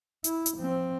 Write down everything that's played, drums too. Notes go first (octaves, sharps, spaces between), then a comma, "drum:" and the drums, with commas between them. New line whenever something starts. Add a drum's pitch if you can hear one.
E4, drum: hi-hat
drum: hi-hat
F3 C4